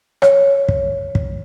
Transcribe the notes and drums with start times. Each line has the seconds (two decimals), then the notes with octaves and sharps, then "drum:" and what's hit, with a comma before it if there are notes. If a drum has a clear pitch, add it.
0.22 C#5, drum: rim click
0.68 drum: kick
1.15 drum: kick